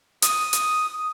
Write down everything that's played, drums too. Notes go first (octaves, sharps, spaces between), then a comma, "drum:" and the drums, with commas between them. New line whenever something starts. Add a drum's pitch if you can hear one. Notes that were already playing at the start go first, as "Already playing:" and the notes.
D#6, drum: hi-hat
drum: hi-hat